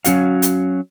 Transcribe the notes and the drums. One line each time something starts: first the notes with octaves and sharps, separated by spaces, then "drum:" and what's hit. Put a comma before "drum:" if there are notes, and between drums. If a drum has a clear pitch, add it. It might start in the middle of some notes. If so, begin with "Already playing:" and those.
F#3 C#4 F#4 F5, drum: hi-hat
drum: hi-hat